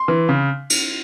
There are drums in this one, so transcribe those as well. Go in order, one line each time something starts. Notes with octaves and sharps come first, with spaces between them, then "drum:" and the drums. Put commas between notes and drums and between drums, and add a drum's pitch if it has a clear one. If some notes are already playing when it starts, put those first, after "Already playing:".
Already playing: C6
E3
C#3
drum: cymbal